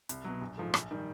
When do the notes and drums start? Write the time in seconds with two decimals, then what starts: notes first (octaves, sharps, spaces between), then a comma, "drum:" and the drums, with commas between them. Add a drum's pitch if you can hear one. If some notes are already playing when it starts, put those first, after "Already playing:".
0.09 C2, drum: hi-hat
0.24 B2 F#3
0.41 A#1
0.57 G#2 F3 A3
0.74 A#1, drum: rim click
0.91 D#3 G3